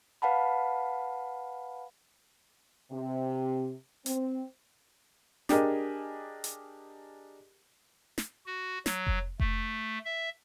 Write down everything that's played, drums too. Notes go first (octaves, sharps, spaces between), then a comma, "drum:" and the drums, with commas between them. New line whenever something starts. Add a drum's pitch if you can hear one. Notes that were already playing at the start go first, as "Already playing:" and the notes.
B4 F5 F#5 A5 B5
C3
C4, drum: hi-hat
D4 G4 G#4 A#4 D#5, drum: snare
drum: hi-hat
drum: snare
F#4
F#3, drum: snare
drum: kick F1
A3, drum: kick F1
E5